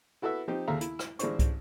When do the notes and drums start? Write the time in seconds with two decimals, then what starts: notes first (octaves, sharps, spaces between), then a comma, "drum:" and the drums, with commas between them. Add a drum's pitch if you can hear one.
0.22 E4 F#4 A4 B4 E5
0.48 F3 C4 D#4 G4
0.68 D#2 C#3 A4 E5 F5 A#5
0.81 E4, drum: hi-hat
0.99 drum: rim click
1.19 A1 G#3 D4 E4 C5 C#6, drum: hi-hat
1.39 drum: kick, hi-hat